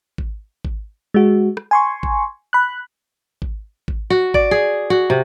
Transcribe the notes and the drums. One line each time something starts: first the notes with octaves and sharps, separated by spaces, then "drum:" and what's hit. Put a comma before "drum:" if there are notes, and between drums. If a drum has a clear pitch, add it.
drum: kick G#1
drum: kick G#1
G#3 F#4
drum: rim click
G#5 C6 C#6
drum: kick G#1
B5 F#6
drum: kick G#1
drum: kick G#1
F#4
D5, drum: kick G#1
G#4
F#4
C3